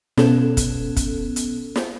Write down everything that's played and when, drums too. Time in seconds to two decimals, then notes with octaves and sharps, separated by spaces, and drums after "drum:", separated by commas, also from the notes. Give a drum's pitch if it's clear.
0.17 B2 B3 C#4 A4, drum: snare
0.57 drum: kick, hi-hat
0.97 drum: kick, hi-hat
1.36 drum: hi-hat
1.76 drum: snare